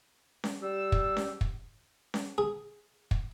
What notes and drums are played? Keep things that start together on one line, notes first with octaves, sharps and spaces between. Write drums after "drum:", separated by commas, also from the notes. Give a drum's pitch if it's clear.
drum: snare C#4
G3 E6
drum: kick
drum: snare C#4
drum: kick
drum: snare C#4
G#4
drum: kick